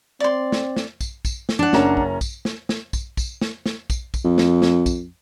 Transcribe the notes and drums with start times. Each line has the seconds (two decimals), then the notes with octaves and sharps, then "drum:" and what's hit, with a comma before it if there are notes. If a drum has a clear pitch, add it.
0.20 C4 D5 C6
0.52 drum: snare
0.76 drum: snare
1.01 drum: kick, tambourine
1.25 drum: kick, tambourine
1.49 drum: snare
1.59 D4 F#5
1.73 F#1 C#4 A#5, drum: snare
1.97 drum: kick
2.21 drum: kick, tambourine
2.45 drum: snare
2.69 drum: snare
2.93 drum: kick, tambourine
3.17 drum: kick, tambourine
3.41 drum: snare
3.66 drum: snare
3.90 drum: kick, tambourine
4.14 drum: kick, tambourine
4.24 F2
4.38 drum: snare
4.62 drum: snare
4.86 drum: kick, tambourine